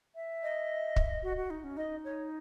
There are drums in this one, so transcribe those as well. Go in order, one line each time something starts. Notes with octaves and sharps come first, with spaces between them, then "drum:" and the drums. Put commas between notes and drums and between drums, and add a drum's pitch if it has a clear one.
E5
D#5
drum: kick
F#4
F#4
D#4
C#4
D#4 D#5
C#5